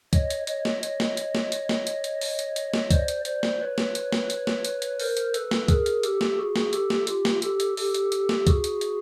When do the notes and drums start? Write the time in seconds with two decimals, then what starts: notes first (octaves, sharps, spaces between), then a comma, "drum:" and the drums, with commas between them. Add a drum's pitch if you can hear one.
0.13 C#5 D#5, drum: kick, hi-hat
0.30 drum: hi-hat
0.47 C#5 D#5, drum: hi-hat
0.65 drum: snare
0.83 C#5 D#5, drum: hi-hat
1.00 drum: snare
1.17 drum: hi-hat
1.35 drum: snare
1.52 drum: hi-hat
1.69 drum: snare
1.87 drum: hi-hat
2.04 drum: hi-hat
2.21 drum: open hi-hat
2.39 drum: hi-hat
2.56 drum: hi-hat
2.74 drum: snare
2.91 C5 D5, drum: kick, hi-hat
3.08 drum: hi-hat
3.25 C5 D5, drum: hi-hat
3.43 drum: snare
3.60 B4 C#5
3.78 drum: snare
3.95 drum: hi-hat
4.12 drum: snare
4.30 drum: hi-hat
4.47 drum: snare
4.65 drum: hi-hat
4.82 drum: hi-hat
5.00 A#4 C5, drum: open hi-hat
5.17 drum: hi-hat
5.34 A4 B4, drum: hi-hat
5.51 drum: snare
5.68 G#4 A#4, drum: kick, hi-hat
5.86 drum: hi-hat
6.03 G4 A4, drum: hi-hat
6.21 drum: snare
6.38 F#4 G#4
6.56 drum: snare
6.73 G4 A4, drum: hi-hat
6.90 drum: snare
7.07 F4 G4, drum: hi-hat
7.25 drum: snare
7.42 G4 A4, drum: hi-hat
7.60 drum: hi-hat
7.77 G4 A4, drum: open hi-hat
7.94 drum: hi-hat
8.12 drum: hi-hat
8.29 drum: snare
8.47 F#4 G#4, drum: kick, hi-hat
8.64 drum: hi-hat
8.81 drum: hi-hat